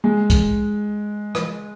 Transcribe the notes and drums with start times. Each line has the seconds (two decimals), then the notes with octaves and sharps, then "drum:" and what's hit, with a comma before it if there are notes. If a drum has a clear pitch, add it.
0.04 G#3
0.30 drum: kick C2, hi-hat
1.35 drum: rim click